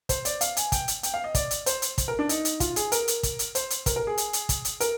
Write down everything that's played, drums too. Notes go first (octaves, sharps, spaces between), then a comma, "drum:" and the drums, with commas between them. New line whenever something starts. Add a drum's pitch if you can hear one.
C5, drum: kick, hi-hat
D5, drum: hi-hat
F5, drum: hi-hat
G#5, drum: hi-hat
G5, drum: kick, hi-hat
drum: hi-hat
G5, drum: hi-hat
F5
D#5
D5, drum: kick, hi-hat
drum: hi-hat
C5, drum: hi-hat
drum: hi-hat
drum: kick, hi-hat
A#4
D4
D#4, drum: hi-hat
drum: hi-hat
F4, drum: kick, hi-hat
G#4, drum: hi-hat
A#4, drum: hi-hat
drum: hi-hat
drum: kick, hi-hat
drum: hi-hat
C5, drum: hi-hat
drum: hi-hat
A#4, drum: kick, hi-hat
A#4
G#4
drum: hi-hat
drum: hi-hat
drum: kick, hi-hat
drum: hi-hat
A#4, drum: hi-hat